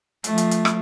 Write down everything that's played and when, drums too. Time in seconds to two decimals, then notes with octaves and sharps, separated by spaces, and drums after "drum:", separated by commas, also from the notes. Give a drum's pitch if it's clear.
0.24 F3 A3, drum: hi-hat
0.38 drum: hi-hat
0.51 drum: hi-hat
0.65 drum: rim click